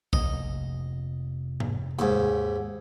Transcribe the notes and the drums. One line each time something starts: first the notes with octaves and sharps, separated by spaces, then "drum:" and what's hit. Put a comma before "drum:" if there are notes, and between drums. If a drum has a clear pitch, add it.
F1 A#3 D#5, drum: kick B1
drum: tom G#2
D#2 G#2, drum: hi-hat